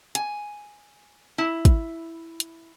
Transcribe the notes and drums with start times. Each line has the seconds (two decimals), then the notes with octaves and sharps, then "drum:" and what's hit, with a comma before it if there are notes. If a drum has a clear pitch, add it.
0.15 G#5, drum: hi-hat
1.38 E4
1.65 drum: kick, hi-hat
2.40 drum: hi-hat